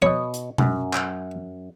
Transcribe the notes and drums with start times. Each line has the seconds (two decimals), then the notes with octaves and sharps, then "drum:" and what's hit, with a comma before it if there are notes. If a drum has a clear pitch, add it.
0.02 B2 C#5 D#5
0.34 drum: hi-hat
0.58 F#2, drum: tom B2
0.93 drum: clap